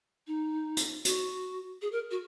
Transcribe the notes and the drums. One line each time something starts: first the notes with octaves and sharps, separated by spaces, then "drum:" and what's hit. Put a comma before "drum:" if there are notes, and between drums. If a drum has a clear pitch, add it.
D#4
drum: hi-hat
F#4, drum: hi-hat
G#4
A#4
F#4